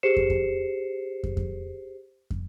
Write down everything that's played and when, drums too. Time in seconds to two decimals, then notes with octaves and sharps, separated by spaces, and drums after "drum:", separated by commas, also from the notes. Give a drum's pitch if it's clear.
0.03 G4 G#4 C5 C7 C#7 E7
0.17 drum: kick
0.30 drum: kick
1.23 drum: kick
1.37 drum: kick
2.30 drum: kick